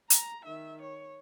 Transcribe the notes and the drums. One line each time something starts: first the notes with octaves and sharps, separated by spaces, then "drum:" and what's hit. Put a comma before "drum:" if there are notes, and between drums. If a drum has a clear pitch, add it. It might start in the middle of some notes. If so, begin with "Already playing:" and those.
A#5, drum: hi-hat
D#3 E5
C#5